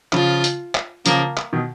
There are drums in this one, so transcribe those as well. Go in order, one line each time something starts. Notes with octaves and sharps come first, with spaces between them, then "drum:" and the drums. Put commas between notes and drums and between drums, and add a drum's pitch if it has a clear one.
C#3 F3 F4, drum: clap
drum: hi-hat
drum: clap
C#3 F3 A#3, drum: hi-hat
drum: clap
B2 D#3